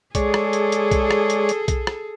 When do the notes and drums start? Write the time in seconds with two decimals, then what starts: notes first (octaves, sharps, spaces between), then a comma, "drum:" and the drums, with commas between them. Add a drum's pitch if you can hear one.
0.15 G#3 G#4 A4 C#5 D5, drum: kick B1, hi-hat
0.34 drum: rim click
0.53 drum: hi-hat
0.72 drum: hi-hat
0.91 drum: kick B1, hi-hat
1.11 drum: rim click
1.30 drum: hi-hat
1.49 drum: hi-hat
1.68 drum: kick B1, hi-hat
1.87 drum: rim click